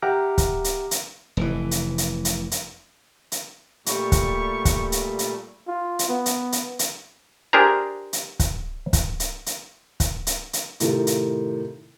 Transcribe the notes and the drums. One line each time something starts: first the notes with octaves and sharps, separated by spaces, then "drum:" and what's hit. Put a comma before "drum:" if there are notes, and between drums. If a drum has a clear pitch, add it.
G4 E5 F#5 A#5 D6 F6
drum: kick, hi-hat
drum: hi-hat
drum: hi-hat
F1 E3
drum: hi-hat
drum: hi-hat
drum: hi-hat
drum: hi-hat
drum: hi-hat
A#2 G3 A3 G4 C#6, drum: hi-hat
drum: kick, hi-hat
drum: kick, hi-hat
drum: hi-hat
drum: hi-hat
F4
drum: hi-hat
B3
drum: hi-hat
drum: hi-hat
drum: hi-hat
D4 G4 G#4 A#4 C5 A#5
drum: hi-hat
drum: kick, hi-hat
drum: kick, hi-hat
drum: hi-hat
drum: hi-hat
drum: kick, hi-hat
drum: hi-hat
drum: hi-hat
A2 C3 D#3 F4 A4, drum: hi-hat
drum: hi-hat